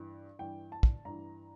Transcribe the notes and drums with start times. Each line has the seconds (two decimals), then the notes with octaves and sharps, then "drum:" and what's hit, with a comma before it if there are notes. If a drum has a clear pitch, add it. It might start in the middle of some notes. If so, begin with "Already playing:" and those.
Already playing: G2 E3
0.39 G2 E3 G5
0.72 A5
0.83 drum: kick
1.05 G2 E3 A#5